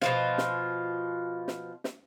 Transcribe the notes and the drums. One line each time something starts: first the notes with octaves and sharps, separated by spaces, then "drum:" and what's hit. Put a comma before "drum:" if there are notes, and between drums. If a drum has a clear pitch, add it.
B2 F3 F4, drum: snare
drum: snare
drum: snare
drum: snare